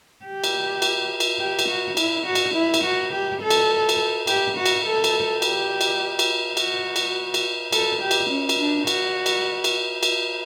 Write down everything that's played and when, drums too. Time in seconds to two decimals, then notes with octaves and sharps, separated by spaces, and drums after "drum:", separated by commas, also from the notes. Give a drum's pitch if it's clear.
0.25 G4
0.44 drum: cymbal
0.82 drum: cymbal
1.20 drum: cymbal
1.39 G4
1.59 drum: cymbal
1.68 F#4
1.97 E4, drum: cymbal
2.26 F#4
2.35 drum: cymbal
2.54 E4
2.74 drum: cymbal
2.84 F#4
3.12 G4
3.41 A4
3.50 drum: cymbal
3.89 drum: cymbal
4.27 G4, drum: cymbal
4.56 F#4
4.66 drum: cymbal
4.85 A4
5.04 drum: cymbal
5.42 G4, drum: cymbal
5.81 drum: cymbal
6.19 drum: cymbal
6.57 F#4, drum: cymbal
6.96 drum: cymbal
7.34 drum: cymbal
7.72 A4, drum: cymbal
8.01 G4
8.11 drum: cymbal
8.30 C#4
8.49 drum: cymbal
8.58 D4
8.87 F#4, drum: cymbal
9.26 drum: cymbal
9.64 drum: cymbal
10.03 drum: cymbal